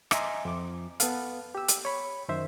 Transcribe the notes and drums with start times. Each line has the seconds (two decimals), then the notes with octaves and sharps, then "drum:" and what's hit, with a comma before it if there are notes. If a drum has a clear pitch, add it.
0.11 D#5 E5 G#5 A#5 C6, drum: rim click
0.45 F2 D6
1.00 B3 A4 F5, drum: hi-hat
1.55 G4 E6
1.68 drum: hi-hat
1.85 C#5 B5
2.29 F#2 D#3 C5 E5